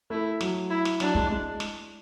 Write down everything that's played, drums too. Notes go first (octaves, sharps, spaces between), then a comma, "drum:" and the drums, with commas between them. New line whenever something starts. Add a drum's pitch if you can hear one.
A3 E4
F#3, drum: snare
E4
drum: snare
F#3 D4, drum: snare
G#3, drum: kick
G#3
drum: snare